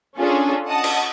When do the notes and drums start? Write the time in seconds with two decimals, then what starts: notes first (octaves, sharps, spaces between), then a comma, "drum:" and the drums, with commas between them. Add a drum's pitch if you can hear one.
0.18 C#4 D4 F4 G#4 A4
0.69 D#5 F#5 A5 D#6
0.84 drum: cymbal